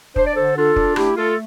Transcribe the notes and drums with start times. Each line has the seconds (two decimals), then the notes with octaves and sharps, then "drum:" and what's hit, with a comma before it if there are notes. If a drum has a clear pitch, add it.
0.16 D4 C5, drum: kick
0.25 D5
0.34 D3 A4 C5
0.56 D4 F4 A4
0.76 D4, drum: kick
0.96 A3 E4 G4, drum: rim click
1.16 A3 F4 A4